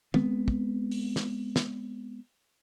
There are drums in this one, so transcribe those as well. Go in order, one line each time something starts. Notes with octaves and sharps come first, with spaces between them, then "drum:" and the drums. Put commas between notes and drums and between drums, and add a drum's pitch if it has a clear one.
G#3 B3 C4, drum: tom
drum: kick
drum: open hi-hat
drum: snare
drum: snare